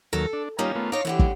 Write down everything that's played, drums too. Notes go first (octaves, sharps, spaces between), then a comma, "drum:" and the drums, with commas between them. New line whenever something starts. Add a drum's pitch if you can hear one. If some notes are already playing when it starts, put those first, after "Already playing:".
D#2 F#3 A4 A#4
D4
D#3 G3 A#3 C#4 D#4 F4
A3 B3 F4
D#4 F4 C#5 F5 A#5 D6
A2 D3 E3 G4
drum: kick